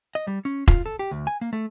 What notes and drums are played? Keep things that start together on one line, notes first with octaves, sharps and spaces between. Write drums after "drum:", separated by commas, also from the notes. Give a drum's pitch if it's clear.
D#5
G3
C#4
F4, drum: kick E1
A4
G4
D2
G#5
A#3
A3